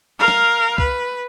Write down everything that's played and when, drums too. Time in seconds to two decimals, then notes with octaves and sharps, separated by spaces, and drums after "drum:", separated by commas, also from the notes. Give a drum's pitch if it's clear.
0.19 A#4 F5
0.28 drum: snare
0.78 B4, drum: kick